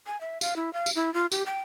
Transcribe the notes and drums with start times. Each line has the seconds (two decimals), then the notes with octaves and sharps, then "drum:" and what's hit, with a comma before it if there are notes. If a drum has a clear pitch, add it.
0.07 G#5
0.21 E5
0.41 F5, drum: tambourine
0.56 E4
0.73 F5
0.86 drum: tambourine
0.96 E4
1.14 F4
1.32 G4, drum: tambourine
1.46 G5